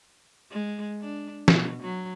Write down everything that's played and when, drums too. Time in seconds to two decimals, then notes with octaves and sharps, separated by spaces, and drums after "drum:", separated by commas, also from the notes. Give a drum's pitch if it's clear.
0.50 G#3
1.01 D4
1.48 B2, drum: snare
1.83 F#3